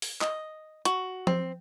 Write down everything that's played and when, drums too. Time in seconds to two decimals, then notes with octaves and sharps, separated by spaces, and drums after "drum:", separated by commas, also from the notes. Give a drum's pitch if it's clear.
0.02 drum: open hi-hat
0.21 D#5, drum: clap
0.85 F#4, drum: hi-hat
1.27 C4, drum: tom F3